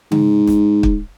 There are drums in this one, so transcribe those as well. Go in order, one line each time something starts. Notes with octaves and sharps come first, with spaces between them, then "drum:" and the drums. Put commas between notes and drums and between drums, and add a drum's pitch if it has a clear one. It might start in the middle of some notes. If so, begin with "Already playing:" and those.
G#2, drum: tom C#3
drum: snare
drum: kick